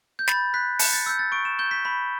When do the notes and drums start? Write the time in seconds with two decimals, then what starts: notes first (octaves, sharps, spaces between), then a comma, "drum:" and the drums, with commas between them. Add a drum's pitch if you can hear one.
0.19 G6
0.28 B5 A6, drum: snare
0.54 F#6 B6
0.79 A5 C#7, drum: open hi-hat
0.93 A6
1.06 E6 G6
1.19 A6
1.32 C#6 D7
1.45 E7
1.59 G6 G7
1.71 B6
1.85 B5 B6